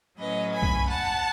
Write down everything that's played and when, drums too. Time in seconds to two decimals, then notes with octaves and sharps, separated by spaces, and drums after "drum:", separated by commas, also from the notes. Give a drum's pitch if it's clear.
0.17 A2 F#3 C#4 B4 D#5
0.53 G#5 B5
0.62 drum: kick B1
0.89 F#5 A5